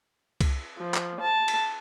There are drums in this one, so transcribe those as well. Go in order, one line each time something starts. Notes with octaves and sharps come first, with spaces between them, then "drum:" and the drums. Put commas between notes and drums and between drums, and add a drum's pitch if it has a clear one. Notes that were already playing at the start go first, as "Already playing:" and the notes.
drum: kick C2, cymbal
F3
drum: clap
A5
drum: cymbal